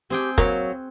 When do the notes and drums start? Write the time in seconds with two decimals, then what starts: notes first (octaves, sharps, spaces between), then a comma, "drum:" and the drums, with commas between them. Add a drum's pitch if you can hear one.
0.10 C4 G4 G#4 G5
0.38 F#3 A#3 C#5, drum: kick